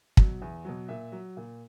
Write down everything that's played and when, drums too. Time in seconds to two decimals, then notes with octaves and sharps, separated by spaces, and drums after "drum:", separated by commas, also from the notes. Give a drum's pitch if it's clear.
0.17 B2 F#3, drum: kick
0.42 E2
0.65 B2 F#3
0.89 A#2 E5
1.12 F#3
1.37 A#2